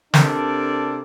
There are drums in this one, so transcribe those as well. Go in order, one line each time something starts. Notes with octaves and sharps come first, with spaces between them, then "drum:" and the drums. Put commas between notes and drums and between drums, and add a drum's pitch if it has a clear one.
C3 D4 A4 A#4 D5, drum: snare